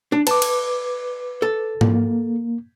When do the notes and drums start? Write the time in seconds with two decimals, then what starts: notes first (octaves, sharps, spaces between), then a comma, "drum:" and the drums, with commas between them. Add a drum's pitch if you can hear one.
0.12 D4
0.27 B4 A5 D6, drum: cymbal
0.42 drum: cymbal
1.42 A4
1.81 A#3, drum: tom G#2